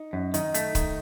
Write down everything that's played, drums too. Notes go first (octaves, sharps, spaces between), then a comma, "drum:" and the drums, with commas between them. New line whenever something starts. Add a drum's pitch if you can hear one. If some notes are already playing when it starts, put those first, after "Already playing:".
Already playing: D#4
F#2
D#3 D#4, drum: hi-hat
A3, drum: hi-hat
D#3, drum: kick, hi-hat